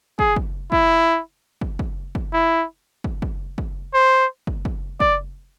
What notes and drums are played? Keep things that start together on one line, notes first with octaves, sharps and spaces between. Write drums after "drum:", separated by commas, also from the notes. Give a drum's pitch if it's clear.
G#4, drum: kick
drum: kick
E4, drum: kick
drum: kick
drum: kick
drum: kick
E4
drum: kick
drum: kick
drum: kick
C5
drum: kick
drum: kick
D5, drum: kick